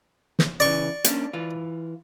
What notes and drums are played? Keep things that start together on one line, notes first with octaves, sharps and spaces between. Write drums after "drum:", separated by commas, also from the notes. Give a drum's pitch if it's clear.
drum: snare
C#3 E3 D5 C#6
A#3 C#4 D4, drum: hi-hat
E3 F4